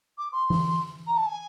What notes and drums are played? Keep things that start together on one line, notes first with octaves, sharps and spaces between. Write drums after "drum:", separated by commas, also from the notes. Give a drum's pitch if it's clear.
D6
C6
drum: tom E3
A#5
A5
G#5